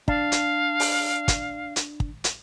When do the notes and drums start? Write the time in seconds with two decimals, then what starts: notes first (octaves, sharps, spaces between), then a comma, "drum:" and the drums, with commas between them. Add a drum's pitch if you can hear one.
0.08 D4 F5, drum: kick
0.32 drum: hi-hat
0.80 drum: open hi-hat
1.28 drum: kick, hi-hat
1.76 drum: hi-hat
2.00 drum: kick
2.24 drum: hi-hat